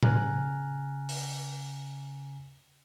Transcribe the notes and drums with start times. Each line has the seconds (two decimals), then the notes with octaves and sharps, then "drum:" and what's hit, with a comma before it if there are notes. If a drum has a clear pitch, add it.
0.03 C#3 G#5 A#5 F6 F#6, drum: tom A2
1.09 drum: open hi-hat